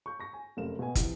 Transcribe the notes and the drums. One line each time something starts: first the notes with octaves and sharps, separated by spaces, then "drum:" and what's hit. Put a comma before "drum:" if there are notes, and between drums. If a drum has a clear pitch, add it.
C#6 G6
C#6 A#6
G#5
F1 F#2 A3 A#4 F5 E7
B2 G#5
C3 E3 F3, drum: kick, hi-hat